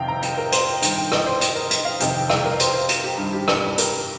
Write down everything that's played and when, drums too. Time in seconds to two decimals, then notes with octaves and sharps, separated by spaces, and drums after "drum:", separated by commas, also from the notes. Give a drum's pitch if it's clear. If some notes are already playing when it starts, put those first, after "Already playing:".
Already playing: F2 C3 D#3 F5 G5
0.08 A#5
0.22 G5, drum: hi-hat
0.37 A#4
0.52 C5, drum: hi-hat
0.82 G2 D#3 G5, drum: hi-hat
0.96 G5
1.12 D#5, drum: rim click
1.27 C5
1.41 D#5, drum: hi-hat
1.55 A#4
1.71 D#5, drum: hi-hat
1.85 F5
2.00 F2 C3 D#3 G5, drum: hi-hat
2.14 G5
2.30 F5, drum: rim click
2.45 A#4
2.60 C5, drum: hi-hat
2.73 C5
2.89 drum: hi-hat
3.04 G4
3.18 G2 D#3
3.33 G4
3.48 drum: rim click
3.78 A#4, drum: hi-hat